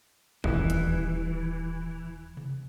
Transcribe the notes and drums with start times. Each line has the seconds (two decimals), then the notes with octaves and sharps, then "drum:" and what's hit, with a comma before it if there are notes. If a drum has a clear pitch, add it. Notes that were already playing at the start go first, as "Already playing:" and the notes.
0.44 D#1 E3, drum: kick A1
0.70 drum: hi-hat
2.37 drum: tom C3